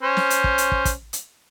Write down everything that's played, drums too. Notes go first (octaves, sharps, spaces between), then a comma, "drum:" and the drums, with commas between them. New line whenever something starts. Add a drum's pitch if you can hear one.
C#4 C5
drum: snare
drum: hi-hat
drum: kick
drum: hi-hat
drum: kick
drum: kick, hi-hat
drum: hi-hat